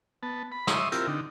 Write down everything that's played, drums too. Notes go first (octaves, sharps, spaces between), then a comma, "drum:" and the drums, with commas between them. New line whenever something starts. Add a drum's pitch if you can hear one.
B3 A5
B5
D#5 E5 C6 C#6 D#6, drum: snare
C4 E4 F4 G4 A#4, drum: hi-hat
D3 D#4